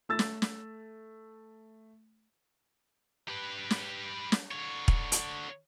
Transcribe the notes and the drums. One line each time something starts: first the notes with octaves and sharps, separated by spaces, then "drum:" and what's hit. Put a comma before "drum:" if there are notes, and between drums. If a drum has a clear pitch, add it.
A3 E6 A6
drum: snare
drum: snare
G4 B4
drum: snare
drum: snare
D3 C#5
drum: kick
drum: hi-hat